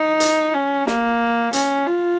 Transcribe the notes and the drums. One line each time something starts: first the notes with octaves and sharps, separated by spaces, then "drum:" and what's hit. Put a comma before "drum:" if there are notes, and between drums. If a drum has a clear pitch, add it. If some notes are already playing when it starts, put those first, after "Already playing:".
Already playing: D#4
drum: hi-hat
C#4
A#3, drum: snare
C#4, drum: hi-hat
F4